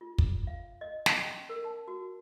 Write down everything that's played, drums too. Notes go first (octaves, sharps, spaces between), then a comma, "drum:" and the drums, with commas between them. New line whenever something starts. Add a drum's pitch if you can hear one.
F4
drum: kick
F5
D#5
drum: snare
C#4
A#4
A5
F#4